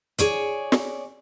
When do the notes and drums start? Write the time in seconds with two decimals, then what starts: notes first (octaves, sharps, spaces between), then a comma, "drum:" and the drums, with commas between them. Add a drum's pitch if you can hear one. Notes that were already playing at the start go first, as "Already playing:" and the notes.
0.19 G#4 C#5 D5, drum: hi-hat
0.72 drum: snare